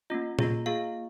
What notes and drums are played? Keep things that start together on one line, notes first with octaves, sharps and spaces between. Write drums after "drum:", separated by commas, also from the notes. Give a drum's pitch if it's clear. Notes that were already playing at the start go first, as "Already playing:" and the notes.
A#3 C#4 F4 D#5
A#3 F4 G#4, drum: tom A#2
A#3 F4 G#4 F5